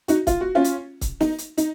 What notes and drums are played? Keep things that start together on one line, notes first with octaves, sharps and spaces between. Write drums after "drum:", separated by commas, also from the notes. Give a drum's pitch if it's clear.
D#4 F#4, drum: hi-hat
F4, drum: kick, hi-hat
F#4
C#4 F4
drum: hi-hat
drum: kick, hi-hat
D#4, drum: snare
drum: hi-hat
D#4, drum: hi-hat